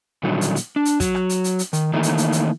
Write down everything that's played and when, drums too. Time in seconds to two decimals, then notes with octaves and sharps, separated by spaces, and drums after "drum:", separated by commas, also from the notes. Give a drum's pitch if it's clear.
0.23 A#2 D3 D#3 F#3 G3
0.41 drum: hi-hat
0.56 drum: hi-hat
0.76 D4
0.85 drum: hi-hat
1.00 F#3, drum: kick, hi-hat
1.15 drum: rim click
1.29 drum: hi-hat
1.44 drum: hi-hat
1.59 drum: hi-hat
1.73 D#3, drum: hi-hat
1.93 D#3 E3 A3 A#3 D#4
2.03 drum: hi-hat
2.18 drum: hi-hat
2.32 drum: hi-hat